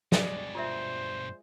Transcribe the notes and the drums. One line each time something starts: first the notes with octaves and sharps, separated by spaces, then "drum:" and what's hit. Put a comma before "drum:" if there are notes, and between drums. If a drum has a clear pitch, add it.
G2 B2 G#3 D5, drum: snare
F4 A#4 C5 E5